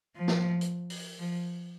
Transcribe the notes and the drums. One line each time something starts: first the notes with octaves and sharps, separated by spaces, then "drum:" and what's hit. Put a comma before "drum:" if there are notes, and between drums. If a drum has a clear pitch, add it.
F3
drum: snare
drum: hi-hat
drum: open hi-hat
F3